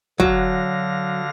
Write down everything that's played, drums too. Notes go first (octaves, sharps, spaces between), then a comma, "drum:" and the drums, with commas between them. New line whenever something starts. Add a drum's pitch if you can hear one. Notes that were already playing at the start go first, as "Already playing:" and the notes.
D3 F#3 F5 A#6, drum: kick